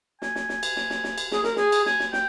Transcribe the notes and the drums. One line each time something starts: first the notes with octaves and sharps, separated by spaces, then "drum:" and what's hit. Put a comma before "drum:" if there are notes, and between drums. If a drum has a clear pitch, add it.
G#5, drum: snare
drum: snare
drum: snare
drum: cymbal
drum: snare
drum: snare
drum: snare
drum: cymbal
G#4, drum: snare
A#4, drum: snare
G#4, drum: snare
drum: cymbal
G#5, drum: snare
drum: snare
G5, drum: snare